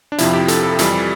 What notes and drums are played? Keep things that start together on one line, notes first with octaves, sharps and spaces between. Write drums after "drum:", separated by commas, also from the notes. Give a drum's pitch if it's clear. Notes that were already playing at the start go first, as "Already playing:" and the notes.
D4
F2 C3 F3 E4, drum: hi-hat
G4
A4, drum: hi-hat
A4
F2 E3 G3, drum: hi-hat